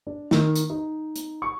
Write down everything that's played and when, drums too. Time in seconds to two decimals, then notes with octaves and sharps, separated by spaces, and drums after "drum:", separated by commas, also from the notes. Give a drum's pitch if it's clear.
0.07 D4
0.31 D#3, drum: snare
0.56 drum: hi-hat
0.70 D#4
1.16 drum: hi-hat
1.42 C#6